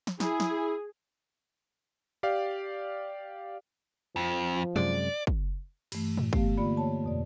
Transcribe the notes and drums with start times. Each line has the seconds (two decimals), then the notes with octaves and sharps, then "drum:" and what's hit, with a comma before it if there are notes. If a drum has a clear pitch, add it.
0.07 drum: snare
0.20 E4 G#4, drum: snare
0.40 drum: snare
2.23 G4 D5 F5
4.16 F2 F3
4.76 F#2 C3 G#3 D5
5.27 drum: kick
5.92 G2 E3 A3, drum: cymbal
6.17 drum: tom A2
6.33 A3 B3 G4 F5, drum: kick
6.57 D3 A#3 F4 D5 B5
6.77 C#5 A5
7.04 F2 B2 D5